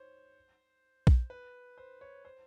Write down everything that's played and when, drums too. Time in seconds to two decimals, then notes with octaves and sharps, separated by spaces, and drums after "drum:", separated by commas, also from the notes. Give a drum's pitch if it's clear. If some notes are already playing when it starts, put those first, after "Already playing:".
Already playing: C5 C#5
1.07 drum: kick A#1
1.30 B4
1.78 C5
2.01 C#5
2.25 C5